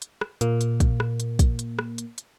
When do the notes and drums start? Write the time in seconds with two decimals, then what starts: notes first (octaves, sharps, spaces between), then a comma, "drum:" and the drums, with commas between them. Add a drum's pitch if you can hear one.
0.02 drum: hi-hat
0.21 drum: rim click
0.41 A#2 A#3, drum: hi-hat
0.61 drum: hi-hat
0.80 drum: kick, hi-hat
1.00 drum: rim click
1.20 drum: hi-hat
1.39 drum: kick, hi-hat
1.59 drum: hi-hat
1.79 drum: rim click
1.98 drum: hi-hat
2.18 drum: hi-hat